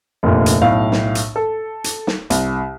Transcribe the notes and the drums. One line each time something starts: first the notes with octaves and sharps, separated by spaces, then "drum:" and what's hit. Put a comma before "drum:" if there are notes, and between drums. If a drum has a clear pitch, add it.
F1 D2 A#2
drum: hi-hat
B1 A2 F5
drum: snare
drum: hi-hat
A4
drum: hi-hat
drum: snare
C2, drum: hi-hat